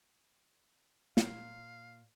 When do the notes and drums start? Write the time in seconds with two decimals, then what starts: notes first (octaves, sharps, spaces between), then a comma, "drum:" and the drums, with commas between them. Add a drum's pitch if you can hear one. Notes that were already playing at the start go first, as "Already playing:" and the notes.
1.17 A#2 F5, drum: snare